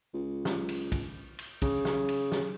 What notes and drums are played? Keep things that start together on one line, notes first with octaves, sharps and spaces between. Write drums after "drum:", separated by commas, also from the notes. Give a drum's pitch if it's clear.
C#2
drum: snare
drum: cymbal
drum: kick, cymbal
drum: cymbal
C#3, drum: kick, cymbal
drum: snare
drum: cymbal
drum: snare